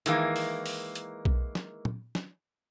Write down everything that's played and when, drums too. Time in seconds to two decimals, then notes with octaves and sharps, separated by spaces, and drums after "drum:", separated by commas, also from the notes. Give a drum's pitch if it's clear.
0.06 D#3 E3 G#3 A#3, drum: hi-hat
0.36 drum: open hi-hat
0.66 drum: open hi-hat
0.95 drum: hi-hat
1.25 drum: kick B1
1.55 drum: snare
1.85 drum: tom
2.15 drum: snare